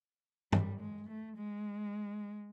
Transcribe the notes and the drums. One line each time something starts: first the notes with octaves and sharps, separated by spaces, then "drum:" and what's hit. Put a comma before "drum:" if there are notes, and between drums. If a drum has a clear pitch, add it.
G3, drum: tom G2
G#3
A3
G#3